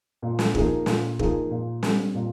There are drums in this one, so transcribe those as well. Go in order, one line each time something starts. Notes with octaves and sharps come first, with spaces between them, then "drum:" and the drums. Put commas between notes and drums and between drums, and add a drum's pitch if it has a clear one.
A#2
drum: snare
F3 A#3 D#4 G#4, drum: kick
A#2, drum: snare
F3 A#3 D#4 G#4, drum: kick
A#2
G3 C4, drum: snare
A#2